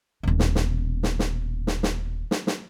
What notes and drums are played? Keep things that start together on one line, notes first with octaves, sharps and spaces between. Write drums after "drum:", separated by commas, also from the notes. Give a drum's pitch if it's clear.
D#1 B2
drum: snare
drum: snare
drum: snare
drum: snare
drum: snare
drum: snare
drum: snare
drum: snare